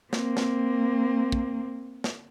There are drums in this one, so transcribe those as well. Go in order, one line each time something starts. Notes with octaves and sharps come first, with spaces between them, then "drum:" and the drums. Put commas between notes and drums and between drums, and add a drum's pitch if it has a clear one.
A#3 C4, drum: snare
drum: snare
drum: kick
drum: snare